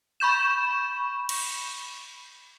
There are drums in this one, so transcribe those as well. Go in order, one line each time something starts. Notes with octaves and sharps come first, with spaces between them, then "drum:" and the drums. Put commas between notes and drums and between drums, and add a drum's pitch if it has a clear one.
B5 C#6 G6 E7
drum: cymbal